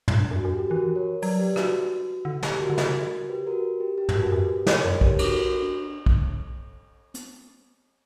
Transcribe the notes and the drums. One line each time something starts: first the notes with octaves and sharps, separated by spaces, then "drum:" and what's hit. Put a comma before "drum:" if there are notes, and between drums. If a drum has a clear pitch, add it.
A#2, drum: tom
G2 D4
F#2
F#4
F#2
G4
E3 F#4 A#4
A#4 C#5
F#3 B4 D5, drum: open hi-hat
G4 B4
F#4, drum: rim click
D3 E4
G4, drum: snare
F#4 A#4
D3
C#3, drum: snare
G4 B4
F#4 A#4
G4
G4
G4, drum: tom
F#4 A#4
G2
F#2 G4 B4
A#4 C#5, drum: snare
F#2 A#4 C#5
G4 B4, drum: kick
F#4 A#4, drum: cymbal
F#4
D4
drum: kick
drum: hi-hat